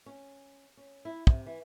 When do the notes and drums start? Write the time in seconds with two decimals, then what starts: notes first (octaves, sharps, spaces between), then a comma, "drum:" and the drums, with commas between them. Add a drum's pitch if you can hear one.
0.06 C#4
0.77 C#4
1.05 E4
1.27 C3, drum: kick
1.46 E3